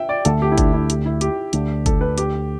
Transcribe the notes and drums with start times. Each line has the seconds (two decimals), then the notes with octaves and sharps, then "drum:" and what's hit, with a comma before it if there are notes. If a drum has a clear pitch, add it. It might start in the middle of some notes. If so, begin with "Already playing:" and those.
Already playing: E5 G5
0.09 D5
0.25 D2 D3 A3 A4, drum: hi-hat
0.42 G4
0.52 E4
0.58 D4, drum: kick G1, hi-hat
0.74 E4
0.90 G4, drum: hi-hat
1.06 E4
1.21 G4, drum: hi-hat
1.53 D2 D3 A3 D4, drum: hi-hat
1.86 A4, drum: kick G1, hi-hat
2.01 B4
2.18 G4, drum: hi-hat